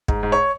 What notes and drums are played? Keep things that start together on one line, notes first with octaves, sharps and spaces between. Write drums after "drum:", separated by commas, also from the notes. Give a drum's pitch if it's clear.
G#2, drum: kick
G#2
C#5